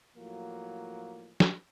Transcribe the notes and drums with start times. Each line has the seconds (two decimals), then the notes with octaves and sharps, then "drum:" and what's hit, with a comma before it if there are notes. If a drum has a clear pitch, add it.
0.17 A2 F3 F#3 A#3
1.40 drum: snare